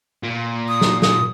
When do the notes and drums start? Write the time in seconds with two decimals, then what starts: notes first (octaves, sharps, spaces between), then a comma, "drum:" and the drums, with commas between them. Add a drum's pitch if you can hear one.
0.23 A#2
0.69 D#6
0.81 drum: snare
1.02 D#6, drum: snare